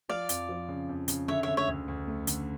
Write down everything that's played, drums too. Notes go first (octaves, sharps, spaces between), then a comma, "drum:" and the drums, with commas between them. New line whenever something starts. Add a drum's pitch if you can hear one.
F3 D5 F5
F2, drum: hi-hat
F3
C#3
F2
C#3, drum: hi-hat
D3 C#5 E5
D3 C#5 E5
C#5 E5
D2
D2
A3
D3, drum: hi-hat